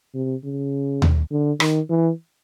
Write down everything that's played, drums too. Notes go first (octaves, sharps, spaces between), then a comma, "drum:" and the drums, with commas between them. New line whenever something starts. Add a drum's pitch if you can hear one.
C3
C#3
drum: tom D#2
D3
D#3, drum: rim click
E3